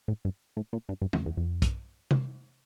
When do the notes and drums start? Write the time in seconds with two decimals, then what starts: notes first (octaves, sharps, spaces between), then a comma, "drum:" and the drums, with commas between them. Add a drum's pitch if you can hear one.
0.08 A2
0.25 G2
0.57 A2
0.73 A#2
0.89 G2
1.01 G2
1.13 F2, drum: tom F2
1.26 E2
1.37 F2
1.62 drum: kick, hi-hat
2.11 drum: tom C3